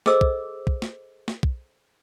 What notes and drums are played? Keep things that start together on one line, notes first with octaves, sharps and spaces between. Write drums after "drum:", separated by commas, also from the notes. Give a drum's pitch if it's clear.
G#4 A4 C5 D#5 D6 E6, drum: snare
drum: kick
drum: kick
drum: snare
drum: snare
drum: kick